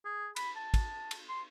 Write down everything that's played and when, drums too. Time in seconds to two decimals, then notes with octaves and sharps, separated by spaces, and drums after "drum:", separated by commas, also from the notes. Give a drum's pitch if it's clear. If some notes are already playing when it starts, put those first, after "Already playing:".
0.05 G#4
0.36 B5, drum: cymbal
0.56 A5
0.74 drum: kick, cymbal
1.11 drum: cymbal
1.29 C6